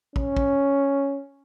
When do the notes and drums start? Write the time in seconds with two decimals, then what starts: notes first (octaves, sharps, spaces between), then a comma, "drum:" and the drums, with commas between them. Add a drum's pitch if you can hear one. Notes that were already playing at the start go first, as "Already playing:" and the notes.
0.16 C#4, drum: kick
0.36 drum: kick